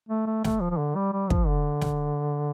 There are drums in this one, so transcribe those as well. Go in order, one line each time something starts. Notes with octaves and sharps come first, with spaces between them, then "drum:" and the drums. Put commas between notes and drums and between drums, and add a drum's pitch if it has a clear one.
A3
A3
A3, drum: snare
F3
F3
D3
G3
G3
F3, drum: kick
D3
drum: snare